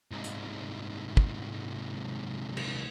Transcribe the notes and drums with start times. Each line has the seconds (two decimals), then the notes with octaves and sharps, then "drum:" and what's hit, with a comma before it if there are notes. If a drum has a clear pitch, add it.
0.11 C2 G#2
0.24 drum: hi-hat
1.17 drum: kick
2.57 drum: cymbal